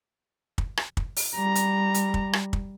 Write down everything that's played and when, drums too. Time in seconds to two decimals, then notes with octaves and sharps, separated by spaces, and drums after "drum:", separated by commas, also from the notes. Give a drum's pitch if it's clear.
0.58 drum: kick
0.77 drum: rim click
0.97 drum: kick
1.16 drum: open hi-hat
1.36 G3 A#5
1.55 drum: hi-hat
1.94 drum: hi-hat
2.14 drum: kick
2.33 drum: rim click
2.53 drum: kick